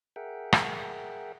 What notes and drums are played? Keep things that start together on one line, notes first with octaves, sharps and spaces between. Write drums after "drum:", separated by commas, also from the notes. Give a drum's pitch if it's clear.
G#4 A#4 E5 F#5 G5
drum: rim click